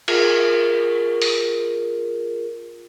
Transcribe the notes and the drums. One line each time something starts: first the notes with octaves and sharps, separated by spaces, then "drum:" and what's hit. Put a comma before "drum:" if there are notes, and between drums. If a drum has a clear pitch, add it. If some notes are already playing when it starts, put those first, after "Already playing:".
F4 G#4 A#4, drum: cymbal
drum: open hi-hat